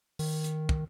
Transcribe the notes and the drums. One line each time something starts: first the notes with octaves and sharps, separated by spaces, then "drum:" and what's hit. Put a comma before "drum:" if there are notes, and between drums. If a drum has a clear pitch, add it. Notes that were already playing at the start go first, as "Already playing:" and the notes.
D#3, drum: open hi-hat
drum: hi-hat
drum: kick